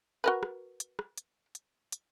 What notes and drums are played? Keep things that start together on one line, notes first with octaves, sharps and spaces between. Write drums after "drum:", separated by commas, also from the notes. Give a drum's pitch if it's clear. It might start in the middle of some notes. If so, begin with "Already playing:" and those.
F#4 A#4 B4
drum: rim click
drum: hi-hat
drum: rim click
drum: hi-hat
drum: hi-hat
drum: hi-hat